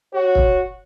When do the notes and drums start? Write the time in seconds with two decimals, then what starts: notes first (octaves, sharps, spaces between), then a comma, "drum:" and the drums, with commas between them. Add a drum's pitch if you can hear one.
0.13 F#4 C#5
0.35 drum: kick C#1